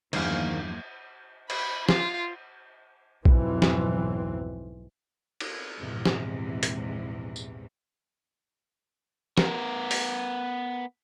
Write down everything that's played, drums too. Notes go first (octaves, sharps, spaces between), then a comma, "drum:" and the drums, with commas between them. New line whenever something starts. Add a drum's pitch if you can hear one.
E2 G2 D#3 F3 F#3 A#3 F5, drum: cymbal
B5, drum: cymbal
F4, drum: snare
B1 F2 G#2 E3 C4, drum: kick A#1
drum: snare
drum: cymbal
A#1 E2 G#2 C3 E3
drum: snare
drum: hi-hat
drum: tambourine
B3 A#4, drum: snare
drum: open hi-hat